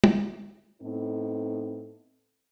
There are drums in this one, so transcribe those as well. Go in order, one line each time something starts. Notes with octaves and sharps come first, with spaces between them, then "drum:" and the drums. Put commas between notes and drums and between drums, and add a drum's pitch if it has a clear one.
drum: tom
A2 B3 C4 D#4 A4